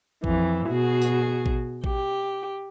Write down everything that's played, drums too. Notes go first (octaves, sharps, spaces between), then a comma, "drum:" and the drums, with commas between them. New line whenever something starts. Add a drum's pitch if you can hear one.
F2 E3, drum: kick A1
B2 F#4 G#4
drum: tambourine
drum: kick A1
G4, drum: kick A1